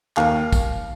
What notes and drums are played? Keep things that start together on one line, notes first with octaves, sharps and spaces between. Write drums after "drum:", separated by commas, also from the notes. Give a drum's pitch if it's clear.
D#2 F5, drum: clap
drum: kick, tambourine